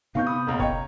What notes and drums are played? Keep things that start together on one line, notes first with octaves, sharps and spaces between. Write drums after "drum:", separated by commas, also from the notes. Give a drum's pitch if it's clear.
C3 B3 C4 D#4 F5 C#6 G6
B5 D#6
F#1 B1 A#3 A#5
C#5 D#5 F5 G5 A#5, drum: kick F1